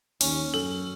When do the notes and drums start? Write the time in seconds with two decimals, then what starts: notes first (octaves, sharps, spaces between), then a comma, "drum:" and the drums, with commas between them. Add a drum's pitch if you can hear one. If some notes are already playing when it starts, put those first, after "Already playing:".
0.21 D#2 C#4, drum: open hi-hat
0.54 F#2 A4